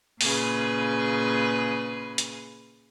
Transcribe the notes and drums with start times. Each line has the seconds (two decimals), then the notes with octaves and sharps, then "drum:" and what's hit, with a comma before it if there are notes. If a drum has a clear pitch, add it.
0.21 A#2 C#3 G#4 B4, drum: open hi-hat
2.18 drum: hi-hat